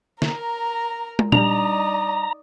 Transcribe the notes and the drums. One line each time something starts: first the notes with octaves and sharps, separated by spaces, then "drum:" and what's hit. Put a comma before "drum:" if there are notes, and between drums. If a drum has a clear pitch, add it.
A#4 A#5, drum: snare
drum: tom
G3 A3 D4 D#4 D5 D#5 A#5, drum: tom A#2